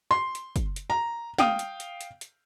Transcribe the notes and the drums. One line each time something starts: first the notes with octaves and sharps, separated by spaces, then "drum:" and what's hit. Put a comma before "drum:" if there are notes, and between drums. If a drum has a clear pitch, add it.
C6
drum: hi-hat
drum: kick, hi-hat
drum: hi-hat
A#5
F5 G5 D#6, drum: snare
drum: hi-hat
drum: hi-hat
drum: hi-hat
drum: hi-hat